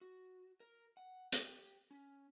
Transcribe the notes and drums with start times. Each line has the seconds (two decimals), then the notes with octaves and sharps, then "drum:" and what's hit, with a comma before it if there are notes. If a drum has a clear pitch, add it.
0.01 F#4
0.60 A#4
0.97 F#5
1.32 A3, drum: hi-hat
1.44 G4
1.91 C#4